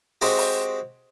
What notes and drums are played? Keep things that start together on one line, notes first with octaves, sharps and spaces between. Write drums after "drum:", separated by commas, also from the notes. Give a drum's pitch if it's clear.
G#3 C4 F#4 G4, drum: open hi-hat
drum: open hi-hat